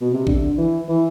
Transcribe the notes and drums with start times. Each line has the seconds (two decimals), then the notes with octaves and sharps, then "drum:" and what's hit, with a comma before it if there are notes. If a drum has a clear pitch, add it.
0.01 B2
0.14 C3
0.27 D3, drum: kick A1
0.58 E3
0.88 E3